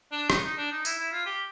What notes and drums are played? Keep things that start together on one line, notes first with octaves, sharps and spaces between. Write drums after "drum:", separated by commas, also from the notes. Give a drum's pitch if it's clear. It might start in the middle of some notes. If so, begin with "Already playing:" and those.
D4
D#4, drum: rim click
D#4
D4
D#4
E4, drum: tambourine
E4
F4
G4